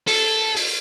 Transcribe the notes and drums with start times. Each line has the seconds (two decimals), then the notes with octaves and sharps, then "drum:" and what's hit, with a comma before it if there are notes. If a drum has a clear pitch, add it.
0.08 A4, drum: open hi-hat
0.57 drum: open hi-hat